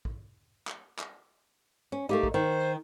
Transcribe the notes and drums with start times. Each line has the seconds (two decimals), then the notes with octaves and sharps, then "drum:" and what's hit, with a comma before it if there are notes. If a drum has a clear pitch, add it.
0.05 drum: kick
0.67 drum: clap
0.99 drum: clap
1.92 C#4
2.09 A3 A#3 D#4 G4
2.23 drum: kick
2.34 D#3 C5